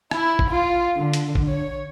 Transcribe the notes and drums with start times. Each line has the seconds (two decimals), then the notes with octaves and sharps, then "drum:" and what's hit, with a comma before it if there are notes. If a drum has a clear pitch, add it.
0.11 E4, drum: rim click
0.39 drum: kick
0.49 F4
0.99 D3
1.13 drum: hi-hat
1.35 drum: kick
1.50 C#5